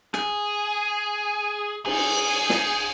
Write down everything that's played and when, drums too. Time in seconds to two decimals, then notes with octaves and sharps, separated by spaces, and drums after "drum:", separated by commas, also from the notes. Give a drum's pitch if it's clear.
0.14 G#4, drum: rim click
1.86 G#4, drum: cymbal
2.50 drum: snare